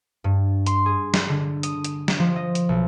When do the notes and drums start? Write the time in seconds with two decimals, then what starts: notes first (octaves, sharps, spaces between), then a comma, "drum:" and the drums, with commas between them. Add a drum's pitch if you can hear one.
0.24 G2
0.66 C6, drum: hi-hat
0.86 G#4
1.14 drum: snare
1.29 D3
1.63 D#6, drum: hi-hat
1.84 drum: hi-hat
2.08 drum: snare
2.19 F3
2.36 D#5
2.55 drum: hi-hat
2.69 B1